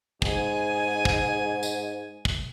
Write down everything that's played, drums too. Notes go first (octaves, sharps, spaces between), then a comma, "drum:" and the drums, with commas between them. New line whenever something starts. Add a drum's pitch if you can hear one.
G#2 G#4 G#5, drum: kick
drum: kick
drum: tambourine
drum: kick